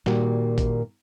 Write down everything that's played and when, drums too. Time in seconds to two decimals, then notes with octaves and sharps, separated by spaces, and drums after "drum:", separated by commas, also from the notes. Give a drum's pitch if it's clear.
0.06 A#2 D#3 G3 A#3 F#4 G5, drum: snare
0.58 drum: kick G#1, hi-hat